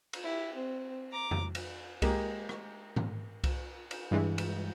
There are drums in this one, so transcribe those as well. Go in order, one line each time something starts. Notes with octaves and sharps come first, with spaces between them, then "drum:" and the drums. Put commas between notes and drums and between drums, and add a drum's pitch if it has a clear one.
drum: cymbal
E4 G4
C4
A#5 D6
drum: tom F2
drum: cymbal
G#3 A#3 G4, drum: kick C2, cymbal
drum: rim click
drum: tom G#2
drum: kick C2, cymbal
drum: cymbal
G2 E3 G#3
drum: cymbal